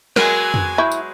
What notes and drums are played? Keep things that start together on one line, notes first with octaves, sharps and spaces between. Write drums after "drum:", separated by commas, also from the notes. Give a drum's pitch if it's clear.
F#3 G#3 B3 A#4 G#5, drum: snare
drum: tom F2
E4 B5 C#6 G6
drum: tambourine